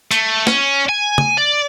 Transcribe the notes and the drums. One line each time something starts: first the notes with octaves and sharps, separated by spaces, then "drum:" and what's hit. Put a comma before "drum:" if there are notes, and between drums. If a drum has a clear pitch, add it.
A3, drum: hi-hat
C#4, drum: snare
G#5
drum: tom
D5